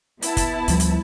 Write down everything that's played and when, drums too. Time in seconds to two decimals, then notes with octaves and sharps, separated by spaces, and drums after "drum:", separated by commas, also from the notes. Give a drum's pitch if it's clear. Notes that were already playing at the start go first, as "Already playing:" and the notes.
0.22 B3 E4 A5, drum: hi-hat
0.37 drum: kick, hi-hat
0.68 D2 F3 G3, drum: hi-hat
0.80 drum: hi-hat